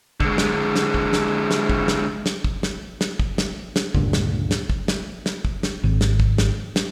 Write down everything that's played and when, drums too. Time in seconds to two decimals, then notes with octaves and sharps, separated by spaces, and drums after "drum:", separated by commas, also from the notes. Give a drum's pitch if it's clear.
0.20 D3 G#3, drum: kick
0.38 drum: snare
0.76 drum: snare
0.94 drum: kick
1.13 drum: snare
1.51 drum: snare
1.69 drum: kick
1.88 drum: snare
2.26 drum: snare
2.44 drum: kick
2.63 drum: snare
3.01 drum: snare
3.20 drum: kick
3.38 drum: snare
3.76 drum: snare
3.95 C#2 G2 A#2 D3, drum: kick
4.13 drum: snare
4.51 drum: snare
4.70 drum: kick
4.88 drum: snare
5.26 drum: snare
5.45 drum: kick
5.63 drum: snare
5.84 G#1
6.01 drum: snare
6.20 drum: kick
6.38 drum: snare
6.76 drum: snare